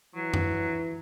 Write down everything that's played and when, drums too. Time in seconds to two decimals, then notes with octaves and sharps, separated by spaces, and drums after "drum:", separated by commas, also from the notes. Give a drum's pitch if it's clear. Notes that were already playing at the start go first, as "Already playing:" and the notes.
0.15 E3 F#3
0.34 drum: tom F#2